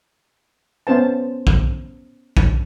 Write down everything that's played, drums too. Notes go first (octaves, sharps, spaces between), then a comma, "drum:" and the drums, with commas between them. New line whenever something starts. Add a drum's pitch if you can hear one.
B3 C#4 C5 A5
drum: kick
drum: kick